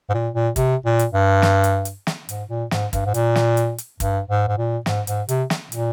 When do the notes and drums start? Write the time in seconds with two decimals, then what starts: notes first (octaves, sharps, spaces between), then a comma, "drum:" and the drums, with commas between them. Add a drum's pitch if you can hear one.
0.10 G#2
0.14 A#2
0.34 A#2
0.56 C3, drum: kick, hi-hat
0.85 A#2
0.99 drum: hi-hat
1.13 G2
1.42 drum: snare
1.64 drum: hi-hat
1.85 drum: hi-hat
2.07 drum: snare
2.29 G#2, drum: hi-hat
2.50 A#2
2.71 G#2, drum: snare
2.93 G2, drum: kick, hi-hat
3.06 G#2
3.14 A#2, drum: hi-hat
3.35 drum: snare
3.57 drum: hi-hat
3.78 drum: hi-hat
4.00 G2, drum: kick, hi-hat
4.28 G#2
4.48 G#2
4.58 A#2
4.86 G#2, drum: snare
5.07 G#2, drum: hi-hat
5.29 C3, drum: hi-hat
5.50 drum: snare
5.72 A#2, drum: hi-hat